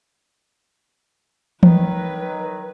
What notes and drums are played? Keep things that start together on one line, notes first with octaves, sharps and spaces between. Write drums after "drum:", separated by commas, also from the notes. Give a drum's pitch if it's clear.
D#3 F#3 B4, drum: tom E3